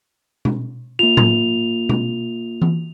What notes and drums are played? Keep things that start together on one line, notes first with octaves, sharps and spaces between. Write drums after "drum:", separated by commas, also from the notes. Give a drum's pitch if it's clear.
drum: tom
A#3 F4 F7
drum: tom A2
drum: tom
drum: tom E3